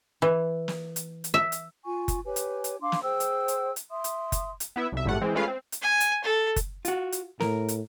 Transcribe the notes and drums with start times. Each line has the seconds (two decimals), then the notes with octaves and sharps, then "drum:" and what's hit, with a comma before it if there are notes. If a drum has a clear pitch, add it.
0.22 E3
0.68 drum: snare
0.96 drum: hi-hat
1.24 drum: hi-hat
1.34 E5
1.52 drum: hi-hat
1.85 F4 G#5 C#6
2.08 drum: kick F#1, hi-hat
2.26 G4 B4 C#5 G#5
2.36 drum: hi-hat
2.64 drum: hi-hat
2.81 D4 F5 C6 D6
2.92 drum: snare
3.04 G#4 C5 G5 E6
3.20 drum: hi-hat
3.48 drum: hi-hat
3.76 drum: hi-hat
3.91 E5 C6 D#6
4.04 drum: hi-hat
4.32 drum: kick F#1, hi-hat
4.60 drum: hi-hat
4.76 B3 E4 E5
4.92 C2 E5
5.05 G#1 A2 G3 A3 F#5
5.21 E3 G#3 C4
5.35 G#3 A3 C#4 F4 B4 F5
5.48 C4
5.72 drum: hi-hat
5.82 G#5
6.00 drum: hi-hat
6.24 A4
6.56 drum: kick F#1, hi-hat
6.85 F4 F#4, drum: hi-hat
7.12 drum: hi-hat
7.40 A2 A#4, drum: snare
7.68 drum: hi-hat